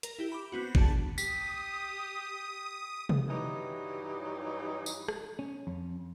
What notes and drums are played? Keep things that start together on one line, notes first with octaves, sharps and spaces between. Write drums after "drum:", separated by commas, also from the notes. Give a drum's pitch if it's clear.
A#4, drum: hi-hat
E4 G4
B5 D6
B3 C4 F#4
D4 F#4 G#4 A5, drum: kick
G4 D#6 B6, drum: tambourine
drum: tom C3
G2 E3 F#3 D#4 G4
drum: tambourine
drum: rim click
C#4
F2